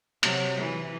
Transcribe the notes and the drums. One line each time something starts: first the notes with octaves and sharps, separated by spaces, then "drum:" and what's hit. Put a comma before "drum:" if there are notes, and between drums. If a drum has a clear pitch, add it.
C3 F#3, drum: hi-hat
E3